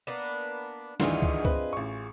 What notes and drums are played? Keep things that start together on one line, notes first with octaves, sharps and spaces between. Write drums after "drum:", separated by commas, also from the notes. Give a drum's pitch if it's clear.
A#3 B3 D4
D2 G2 D#3 E3 F4 G#4 D#5 E5, drum: snare
drum: kick
C4 B4, drum: kick
A1 C#6